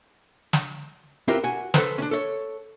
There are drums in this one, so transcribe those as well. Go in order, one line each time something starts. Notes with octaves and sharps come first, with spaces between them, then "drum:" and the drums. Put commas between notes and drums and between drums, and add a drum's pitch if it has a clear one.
drum: snare
C4 E4 F4 G4 A#4 B4
F#4 G#5
A4 B4 C5, drum: snare
C#4 D4
A4 C#5